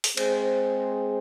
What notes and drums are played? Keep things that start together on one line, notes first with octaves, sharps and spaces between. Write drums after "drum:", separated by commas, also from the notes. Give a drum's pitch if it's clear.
drum: open hi-hat
G#3 C4 G#4 C5, drum: cymbal